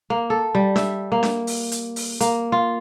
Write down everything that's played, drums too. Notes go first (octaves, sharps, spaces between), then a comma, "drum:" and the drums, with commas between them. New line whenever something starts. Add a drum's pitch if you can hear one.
A#3
A4
G3
E5, drum: snare D4
A#3
drum: snare D4
drum: open hi-hat
drum: hi-hat
drum: open hi-hat
A#3, drum: hi-hat
F4